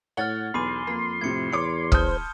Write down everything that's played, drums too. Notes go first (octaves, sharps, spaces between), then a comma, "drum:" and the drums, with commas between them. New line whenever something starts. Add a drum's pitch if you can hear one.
A2 C#5 F#5 F6 A6 G7
B1 E2 B5 C6 D6 D#7
F2 A#3
A2 C3 G#6 C#7
E2 C#5 D6 C#7
C5 A5 C6 D#6 F6 G6, drum: kick